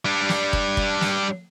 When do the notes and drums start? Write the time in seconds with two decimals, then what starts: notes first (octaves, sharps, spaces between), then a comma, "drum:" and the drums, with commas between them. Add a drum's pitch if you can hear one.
0.05 G3 D4
0.29 drum: snare
0.53 drum: kick
0.77 drum: kick
1.01 drum: snare